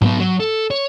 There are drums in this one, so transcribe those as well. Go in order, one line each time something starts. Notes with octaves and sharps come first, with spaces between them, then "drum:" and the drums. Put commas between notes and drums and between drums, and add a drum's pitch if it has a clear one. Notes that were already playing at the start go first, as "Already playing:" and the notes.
F#3 B3, drum: tom G#2
F#3
A4
C#5